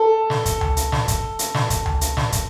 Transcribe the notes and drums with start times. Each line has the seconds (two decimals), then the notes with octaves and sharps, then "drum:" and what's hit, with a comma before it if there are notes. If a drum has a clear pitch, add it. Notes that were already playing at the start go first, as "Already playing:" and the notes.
Already playing: A4
0.30 drum: snare
0.46 drum: kick, hi-hat
0.61 drum: tom C#2
0.77 drum: hi-hat
0.92 drum: snare
1.08 drum: kick, hi-hat
1.39 drum: hi-hat
1.55 drum: snare
1.70 drum: kick, hi-hat
1.86 drum: tom C#2
2.01 drum: hi-hat
2.17 drum: snare
2.32 drum: kick, hi-hat